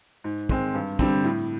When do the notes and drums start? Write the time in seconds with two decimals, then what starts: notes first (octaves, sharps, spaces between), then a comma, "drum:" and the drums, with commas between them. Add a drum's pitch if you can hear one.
0.24 G#2
0.49 D#3 G#3 C4, drum: kick
0.74 G2
0.99 D3 G3 C4, drum: kick
1.24 A2